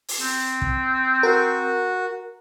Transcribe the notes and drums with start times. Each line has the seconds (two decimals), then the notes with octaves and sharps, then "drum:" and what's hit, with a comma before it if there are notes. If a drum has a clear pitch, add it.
0.08 drum: open hi-hat
0.20 C4
0.62 drum: kick
1.23 F#4 A#4